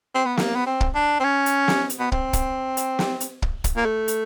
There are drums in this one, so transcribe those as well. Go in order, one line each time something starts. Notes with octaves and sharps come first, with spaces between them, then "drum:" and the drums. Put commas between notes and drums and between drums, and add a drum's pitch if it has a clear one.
C4
B3
A#3, drum: snare
B3
C4
drum: kick
D4
C4
C#4
drum: hi-hat
drum: snare
drum: hi-hat
B3
C4, drum: kick
drum: kick, hi-hat
drum: hi-hat
drum: snare
drum: hi-hat
drum: kick
drum: kick, hi-hat
A#3
A3
drum: hi-hat